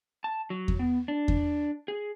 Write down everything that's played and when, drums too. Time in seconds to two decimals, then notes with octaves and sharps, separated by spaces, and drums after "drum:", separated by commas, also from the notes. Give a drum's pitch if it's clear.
0.24 A5
0.50 F#3
0.68 drum: kick E2
0.79 B3
1.08 D4
1.28 drum: kick E2
1.88 G#4